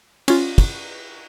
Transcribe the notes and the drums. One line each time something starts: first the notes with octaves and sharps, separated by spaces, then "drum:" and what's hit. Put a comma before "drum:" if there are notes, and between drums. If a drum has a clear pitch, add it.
C#4 F4, drum: cymbal
drum: kick, cymbal